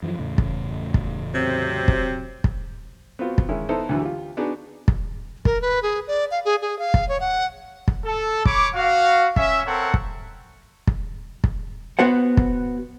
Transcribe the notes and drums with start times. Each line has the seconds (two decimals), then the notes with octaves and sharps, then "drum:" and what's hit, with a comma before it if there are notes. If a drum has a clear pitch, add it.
0.03 F#2 E3 F3
0.19 E2 A2 C#3
0.38 drum: kick
0.94 drum: kick
1.34 C3 F#3 C4
1.88 drum: kick
2.44 drum: kick
3.19 B3 C4 F4 F#4
3.38 drum: kick
3.49 D#3 G#3 C#4 E4
3.69 B3 D#4 E4 A4 C5
3.89 D2 D3 E3 F#3
4.02 F4 G4
4.37 B3 D4 D#4 F#4 G#4
4.88 drum: kick
5.45 A#4, drum: kick
5.62 B4
5.83 G#4
6.07 D5
6.31 F5
6.45 G#4
6.62 G#4
6.79 F5
6.94 drum: kick
7.09 C#5
7.20 F#5
7.88 drum: kick
8.05 A4
8.45 C#5 B5 D6, drum: kick
8.75 F#4 F5
9.36 C#4 E5, drum: kick
9.67 C4 A4 A#4 C#5 F#5
9.94 drum: kick
10.87 drum: kick
11.44 drum: kick
11.99 B3 F#4 C5 F#5
12.37 drum: kick